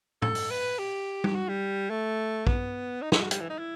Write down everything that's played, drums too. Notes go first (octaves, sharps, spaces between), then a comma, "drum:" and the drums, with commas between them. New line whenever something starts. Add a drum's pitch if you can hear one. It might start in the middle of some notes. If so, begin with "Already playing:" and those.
A4, drum: tom
drum: open hi-hat
B4
G4
drum: tom
F#4
G3
A3
B3, drum: kick
D#4
E4, drum: snare
F#4
G3, drum: hi-hat
E3
D#4
E4